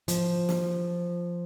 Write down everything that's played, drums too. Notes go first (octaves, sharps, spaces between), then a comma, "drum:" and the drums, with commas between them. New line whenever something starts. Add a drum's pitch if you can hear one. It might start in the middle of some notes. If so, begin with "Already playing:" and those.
F3, drum: hi-hat
drum: snare